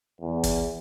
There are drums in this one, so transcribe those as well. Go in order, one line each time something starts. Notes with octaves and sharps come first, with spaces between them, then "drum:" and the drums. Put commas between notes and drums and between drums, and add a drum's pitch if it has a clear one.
E2
drum: kick, hi-hat